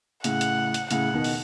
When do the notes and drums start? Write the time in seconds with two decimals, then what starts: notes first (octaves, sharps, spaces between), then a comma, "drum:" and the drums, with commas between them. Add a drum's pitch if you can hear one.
0.24 A2 C#3 F#5, drum: hi-hat
0.41 drum: hi-hat
0.74 drum: hi-hat
0.91 A2 C#3 F#5, drum: hi-hat
1.14 B2 D#3
1.24 drum: open hi-hat